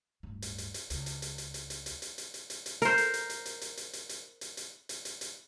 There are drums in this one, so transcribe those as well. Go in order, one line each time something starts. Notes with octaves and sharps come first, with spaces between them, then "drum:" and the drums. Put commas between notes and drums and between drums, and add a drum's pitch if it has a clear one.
D1 G2
drum: hi-hat
drum: hi-hat
drum: hi-hat
C#2, drum: hi-hat
drum: hi-hat
drum: hi-hat
drum: hi-hat
drum: hi-hat
drum: hi-hat
drum: hi-hat
drum: hi-hat
drum: hi-hat
drum: hi-hat
drum: hi-hat
drum: hi-hat
A#4 C5, drum: hi-hat
drum: hi-hat
drum: hi-hat
drum: hi-hat
drum: hi-hat
drum: hi-hat
drum: hi-hat
drum: hi-hat
drum: hi-hat
drum: hi-hat
drum: hi-hat
drum: hi-hat
drum: hi-hat
drum: hi-hat